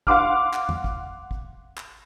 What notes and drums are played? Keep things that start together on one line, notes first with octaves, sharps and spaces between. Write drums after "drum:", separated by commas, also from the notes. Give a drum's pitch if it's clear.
F5 F#5 C6 D6 F6, drum: kick
drum: clap
drum: tom E2
drum: kick
drum: kick
drum: clap